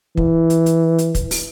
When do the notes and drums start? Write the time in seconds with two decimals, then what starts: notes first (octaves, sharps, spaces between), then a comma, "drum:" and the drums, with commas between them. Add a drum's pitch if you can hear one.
0.17 E3, drum: kick
0.50 drum: hi-hat
0.66 drum: hi-hat
0.98 drum: hi-hat
1.15 drum: kick, hi-hat
1.31 drum: open hi-hat